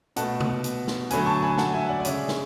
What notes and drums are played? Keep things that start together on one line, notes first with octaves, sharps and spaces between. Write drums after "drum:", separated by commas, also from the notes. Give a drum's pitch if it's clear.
B2 A3 F#5 A5, drum: hi-hat
drum: tom C3
drum: hi-hat
drum: snare
D3 F#3 A3 G#5 B5, drum: hi-hat
A5 C#6
G#5 B5
F#5 A5, drum: snare
E5 G#5
D5 F#5
D5
C#3 G#3 C#5 E5, drum: hi-hat
drum: snare